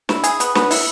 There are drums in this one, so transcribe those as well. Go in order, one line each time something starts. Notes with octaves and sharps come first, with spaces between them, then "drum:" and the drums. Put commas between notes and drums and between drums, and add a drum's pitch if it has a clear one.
E4, drum: snare
G#4, drum: hi-hat
B3, drum: hi-hat
B3, drum: snare
E4, drum: open hi-hat